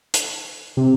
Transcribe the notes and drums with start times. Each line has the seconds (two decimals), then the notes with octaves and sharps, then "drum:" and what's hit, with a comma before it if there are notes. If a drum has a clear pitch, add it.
0.14 drum: hi-hat
0.77 C3